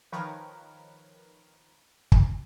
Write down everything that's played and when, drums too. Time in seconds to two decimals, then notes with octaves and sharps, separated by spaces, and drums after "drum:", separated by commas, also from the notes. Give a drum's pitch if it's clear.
0.12 D#3 F3 A#4 B4 C#5
2.12 drum: kick